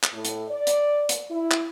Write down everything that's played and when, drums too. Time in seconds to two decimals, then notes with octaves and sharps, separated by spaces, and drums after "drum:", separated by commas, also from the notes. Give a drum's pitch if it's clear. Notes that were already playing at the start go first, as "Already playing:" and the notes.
0.03 drum: clap
0.14 A2
0.25 drum: hi-hat
0.48 D5
0.67 drum: hi-hat
1.09 drum: hi-hat
1.30 E4
1.51 drum: clap